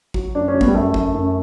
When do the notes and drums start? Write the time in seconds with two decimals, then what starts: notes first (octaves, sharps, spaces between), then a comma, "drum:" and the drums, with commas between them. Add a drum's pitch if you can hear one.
0.14 F#3, drum: kick
0.35 F#2 D4
0.48 C#4
0.54 F#3
0.61 B3, drum: kick
0.68 G3
0.74 F#2 A3
0.94 F#2, drum: kick
1.15 F#2